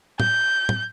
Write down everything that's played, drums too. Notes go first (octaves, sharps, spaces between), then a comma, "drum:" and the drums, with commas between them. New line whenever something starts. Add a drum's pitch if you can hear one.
G6, drum: tom
drum: tom